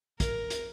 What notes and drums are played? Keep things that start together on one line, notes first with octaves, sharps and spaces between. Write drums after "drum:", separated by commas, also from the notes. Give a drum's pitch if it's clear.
A#4, drum: kick, hi-hat
drum: hi-hat